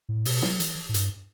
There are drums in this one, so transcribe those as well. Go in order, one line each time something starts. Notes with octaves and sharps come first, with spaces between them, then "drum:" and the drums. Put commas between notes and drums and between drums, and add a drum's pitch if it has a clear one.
A2
B2, drum: open hi-hat
F#3, drum: snare
E3, drum: hi-hat
A2
G2, drum: hi-hat